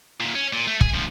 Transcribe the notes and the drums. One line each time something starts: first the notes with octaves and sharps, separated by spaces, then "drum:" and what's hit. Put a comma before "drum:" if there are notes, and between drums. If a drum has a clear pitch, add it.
D#2 A#2
C#4
A#2
A3
G#4, drum: kick
D2 F3